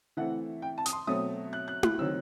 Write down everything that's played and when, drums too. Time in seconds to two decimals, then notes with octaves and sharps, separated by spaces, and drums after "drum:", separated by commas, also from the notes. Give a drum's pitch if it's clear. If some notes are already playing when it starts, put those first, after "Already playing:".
0.17 E3 A3 C4 F#5
0.62 G5
0.78 A5
0.86 D#6, drum: hi-hat
0.93 C6
1.07 B2 F#3 A3 C4 D#6
1.53 F#6
1.68 F#6
1.83 F#6, drum: tom E4
1.98 D#3 F#3 C4 E6